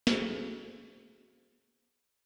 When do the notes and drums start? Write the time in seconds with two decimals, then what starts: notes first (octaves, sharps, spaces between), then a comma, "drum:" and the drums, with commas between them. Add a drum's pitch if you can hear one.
0.07 F#4 G#4 A4 C5, drum: snare